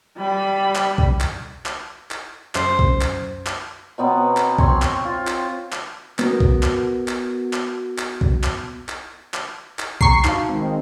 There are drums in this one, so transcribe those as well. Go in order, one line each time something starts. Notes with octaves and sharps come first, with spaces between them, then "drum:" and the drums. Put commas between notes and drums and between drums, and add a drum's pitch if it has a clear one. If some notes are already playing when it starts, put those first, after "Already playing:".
G3 B5
drum: clap
drum: kick B1
drum: clap
drum: clap
drum: clap
F#2 C5, drum: clap
drum: kick B1
drum: clap
drum: clap
B2 F#3 B3 C4
drum: clap
C4 C#5 C6 C#6, drum: kick B1
drum: clap
F4
drum: clap
drum: clap
B3 F#4 A#4, drum: clap
drum: kick B1
drum: clap
drum: clap
drum: clap
drum: clap
drum: kick B1
drum: clap
drum: clap
drum: clap
drum: clap
G5 A#5 C#6 C7, drum: kick B1
D#4 F#4 F5, drum: clap
D#3 G#3 C4